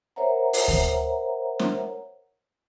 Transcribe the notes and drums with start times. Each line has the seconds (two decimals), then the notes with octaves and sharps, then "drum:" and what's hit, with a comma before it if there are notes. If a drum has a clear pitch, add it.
0.16 A#4 C5 C#5 E5 F#5 A#5
0.53 drum: open hi-hat
0.68 drum: kick D2
1.59 drum: snare